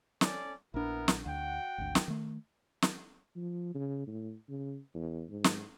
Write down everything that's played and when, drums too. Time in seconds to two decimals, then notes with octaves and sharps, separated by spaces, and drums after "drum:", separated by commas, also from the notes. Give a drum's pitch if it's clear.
0.21 C#4 A4 D5, drum: snare
0.74 A#1 B3 D4 E4 A#4
1.08 drum: snare
1.26 D2 F#4 F#5 G5
1.78 G#1 D2
1.95 drum: snare
2.08 D#3 A3
2.82 drum: snare
3.36 F3
3.75 C#3
4.07 A2
4.49 C#3
4.94 E2
5.30 G#2
5.44 drum: snare